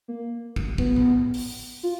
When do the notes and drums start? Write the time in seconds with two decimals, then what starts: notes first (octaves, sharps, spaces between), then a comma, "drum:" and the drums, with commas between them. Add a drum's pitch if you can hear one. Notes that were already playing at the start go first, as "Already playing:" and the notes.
0.08 A#3
0.56 drum: kick
0.78 B3, drum: kick
0.96 drum: tom A2
1.34 drum: open hi-hat
1.83 F4